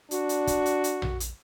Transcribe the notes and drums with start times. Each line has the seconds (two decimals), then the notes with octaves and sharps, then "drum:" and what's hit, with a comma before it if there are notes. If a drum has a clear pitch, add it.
0.11 D4 F#4, drum: hi-hat
0.29 drum: hi-hat
0.47 drum: kick, hi-hat
0.66 drum: hi-hat
0.84 drum: hi-hat
1.02 drum: tom A#1
1.20 drum: hi-hat